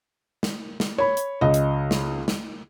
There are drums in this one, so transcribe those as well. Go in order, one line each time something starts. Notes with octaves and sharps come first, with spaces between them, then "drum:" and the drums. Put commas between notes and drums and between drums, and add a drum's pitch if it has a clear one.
drum: snare
drum: snare
C#5 B5
drum: hi-hat
C#2 D#5
drum: hi-hat
drum: snare
drum: snare